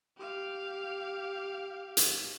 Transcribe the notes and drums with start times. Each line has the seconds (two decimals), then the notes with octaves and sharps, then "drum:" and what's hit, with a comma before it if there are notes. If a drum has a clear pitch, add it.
0.17 G4 F5
1.97 drum: hi-hat